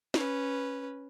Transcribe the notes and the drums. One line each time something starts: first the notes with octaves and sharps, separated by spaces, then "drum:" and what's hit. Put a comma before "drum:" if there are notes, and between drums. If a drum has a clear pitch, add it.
C#4 B4, drum: snare